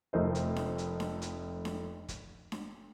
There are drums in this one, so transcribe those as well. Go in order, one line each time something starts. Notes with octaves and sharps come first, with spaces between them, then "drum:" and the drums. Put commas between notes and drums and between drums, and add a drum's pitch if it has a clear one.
F1 F2 A3 A#4 C5 D#5
drum: hi-hat
drum: snare D4
drum: hi-hat
drum: snare D4
drum: hi-hat
drum: snare D4
drum: kick, hi-hat
drum: snare D4